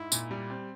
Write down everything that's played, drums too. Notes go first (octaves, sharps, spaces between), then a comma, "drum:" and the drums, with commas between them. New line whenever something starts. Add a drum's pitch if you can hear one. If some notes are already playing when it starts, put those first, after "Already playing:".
Already playing: G#2 E4
A#2, drum: tambourine
G3
C4